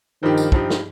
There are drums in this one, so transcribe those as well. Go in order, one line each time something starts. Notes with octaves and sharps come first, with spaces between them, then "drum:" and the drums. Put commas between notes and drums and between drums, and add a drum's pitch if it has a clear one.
G2 D#3 F3 D#4 G4
drum: tambourine
G2 F3 D#4 G4, drum: kick
drum: snare